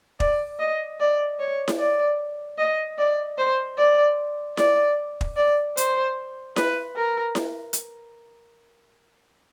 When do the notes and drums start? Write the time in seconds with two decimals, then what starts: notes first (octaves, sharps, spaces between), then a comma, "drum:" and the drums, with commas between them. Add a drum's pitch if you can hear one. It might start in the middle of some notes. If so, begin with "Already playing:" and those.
0.20 D5, drum: kick
0.60 D#5
1.00 D5
1.40 C#5
1.68 drum: snare E4
1.79 D5
2.58 D#5
2.98 D5
3.38 C5
3.78 D5
4.57 D5, drum: snare E4
5.21 drum: kick
5.36 D5
5.77 C5, drum: hi-hat
6.56 B4, drum: snare E4
6.96 A#4
7.35 drum: snare E4
7.73 drum: hi-hat